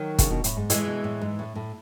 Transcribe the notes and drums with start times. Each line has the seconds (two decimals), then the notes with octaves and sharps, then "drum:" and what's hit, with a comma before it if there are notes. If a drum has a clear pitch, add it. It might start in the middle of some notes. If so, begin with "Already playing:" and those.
Already playing: D#3 F#3
0.18 C#3, drum: kick, hi-hat
0.31 B2
0.44 A2, drum: hi-hat
0.57 G#2
0.70 A2 E3 G#3, drum: hi-hat
0.87 B2
1.04 A2
1.21 G#2
1.39 A2
1.55 A2